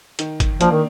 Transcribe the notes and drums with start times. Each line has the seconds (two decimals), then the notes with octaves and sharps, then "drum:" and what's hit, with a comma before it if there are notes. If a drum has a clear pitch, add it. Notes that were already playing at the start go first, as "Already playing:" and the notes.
0.19 D#3, drum: hi-hat
0.40 drum: kick, hi-hat
0.61 F3 A#3 D4, drum: hi-hat
0.72 D#3